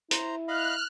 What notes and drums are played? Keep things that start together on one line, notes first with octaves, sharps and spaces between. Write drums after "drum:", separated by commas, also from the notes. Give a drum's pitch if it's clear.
E4 C5 A#5, drum: hi-hat
D#5 F5 B5 F6 F#6